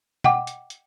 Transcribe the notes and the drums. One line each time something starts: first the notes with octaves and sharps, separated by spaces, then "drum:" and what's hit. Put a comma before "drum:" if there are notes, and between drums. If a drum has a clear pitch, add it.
D#5 F#5 G5 D6, drum: tom
drum: hi-hat
drum: hi-hat